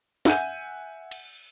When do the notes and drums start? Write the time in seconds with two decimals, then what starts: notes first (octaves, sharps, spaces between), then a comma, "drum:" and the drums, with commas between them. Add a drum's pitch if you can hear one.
0.25 E5 F#5 G#5 G6 D#7, drum: snare
1.11 drum: cymbal